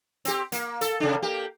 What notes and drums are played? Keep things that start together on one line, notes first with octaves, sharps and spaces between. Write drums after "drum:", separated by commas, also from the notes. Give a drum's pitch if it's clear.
C4 G4, drum: hi-hat
A#3, drum: hi-hat
A4, drum: hi-hat
C3 D4
A#3 G4